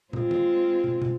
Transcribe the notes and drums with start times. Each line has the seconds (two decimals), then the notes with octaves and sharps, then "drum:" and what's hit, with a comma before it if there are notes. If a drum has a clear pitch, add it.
0.13 G#3 C4 F4, drum: tom
0.31 drum: tom D#3
0.84 drum: tom
1.02 drum: tom